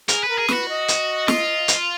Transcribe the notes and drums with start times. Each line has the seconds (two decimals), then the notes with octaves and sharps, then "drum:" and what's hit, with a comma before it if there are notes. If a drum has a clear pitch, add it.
0.08 G#4 A#4, drum: hi-hat
0.24 A#4 B4
0.39 G#4
0.48 F#4 B4, drum: snare
0.69 D#5
0.88 drum: hi-hat
1.28 F4, drum: snare
1.68 drum: hi-hat